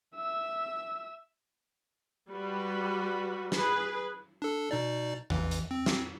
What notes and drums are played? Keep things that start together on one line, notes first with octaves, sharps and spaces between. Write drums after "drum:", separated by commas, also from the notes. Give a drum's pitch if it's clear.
E5 E6
G3 F#4 B4
G#4 B4, drum: snare
D4 A4
B2 D#4 D5
A1 E3, drum: tom E2
drum: hi-hat
C4
drum: snare